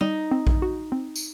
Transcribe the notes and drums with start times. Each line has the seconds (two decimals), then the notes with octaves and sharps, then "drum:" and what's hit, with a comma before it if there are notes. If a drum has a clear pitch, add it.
0.01 G3 D#4
0.31 C4
0.47 drum: kick A#1
0.62 F#4
0.92 C4
1.16 drum: tambourine